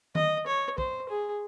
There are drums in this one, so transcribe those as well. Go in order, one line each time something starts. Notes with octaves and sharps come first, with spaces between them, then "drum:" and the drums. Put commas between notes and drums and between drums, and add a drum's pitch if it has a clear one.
D#5, drum: tom D#3
C#5
C5, drum: kick
G#4